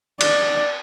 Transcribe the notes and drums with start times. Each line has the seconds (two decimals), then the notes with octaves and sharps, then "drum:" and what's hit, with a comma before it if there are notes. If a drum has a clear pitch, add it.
0.21 D5, drum: cymbal